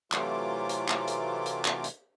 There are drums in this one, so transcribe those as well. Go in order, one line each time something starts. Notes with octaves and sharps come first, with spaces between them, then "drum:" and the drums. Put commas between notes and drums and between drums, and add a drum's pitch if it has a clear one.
C3 E3 F#3 A3 F4 D6, drum: clap
drum: hi-hat
drum: clap
drum: hi-hat
drum: hi-hat
drum: clap
drum: hi-hat